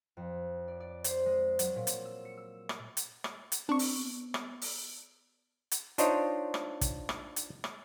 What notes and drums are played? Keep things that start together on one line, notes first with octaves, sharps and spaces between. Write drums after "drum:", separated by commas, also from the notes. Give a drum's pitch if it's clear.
F2
D5
D5
C5, drum: hi-hat
G#3
F#3, drum: hi-hat
A#2
drum: hi-hat
E6
C#7
E6
drum: rim click
drum: hi-hat
drum: rim click
drum: hi-hat
C4 D4 C#6
drum: open hi-hat
B3
drum: rim click
drum: open hi-hat
drum: hi-hat
D4 D#4 F4 C5 C#5 D#5, drum: hi-hat
drum: rim click
drum: kick, hi-hat
drum: rim click
drum: hi-hat
drum: rim click